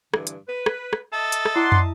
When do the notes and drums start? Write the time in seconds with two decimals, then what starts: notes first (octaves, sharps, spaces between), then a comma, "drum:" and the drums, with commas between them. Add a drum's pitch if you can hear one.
0.14 G2 D3 E3, drum: rim click
0.27 drum: hi-hat
0.47 B4
0.66 drum: rim click
0.93 drum: rim click
1.13 A4 D#5 E5 A5
1.32 drum: hi-hat
1.45 drum: rim click
1.56 E4 D5 F#5 C6
1.72 drum: tom